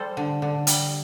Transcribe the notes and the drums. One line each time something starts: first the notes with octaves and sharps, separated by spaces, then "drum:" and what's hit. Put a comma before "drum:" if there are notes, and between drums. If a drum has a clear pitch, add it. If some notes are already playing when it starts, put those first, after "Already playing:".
Already playing: G3 A4 C5
D3
D3
G3, drum: hi-hat